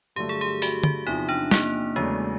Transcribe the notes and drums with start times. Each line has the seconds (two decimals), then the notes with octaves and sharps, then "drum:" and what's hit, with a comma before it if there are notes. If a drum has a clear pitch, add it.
0.16 G2 D3 F#3 A3 G4
0.29 G#4
0.41 G4
0.62 F#4, drum: open hi-hat
0.83 F#4, drum: tom D3
1.06 E2 C3 F3 D#4
1.29 D4
1.51 A#3, drum: snare
1.96 E2 C#3 F#3 G#3 A3 D4